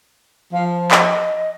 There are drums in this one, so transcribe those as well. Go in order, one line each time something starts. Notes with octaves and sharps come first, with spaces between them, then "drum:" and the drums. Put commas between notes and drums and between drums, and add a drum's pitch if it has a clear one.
F3 F5
D#5, drum: clap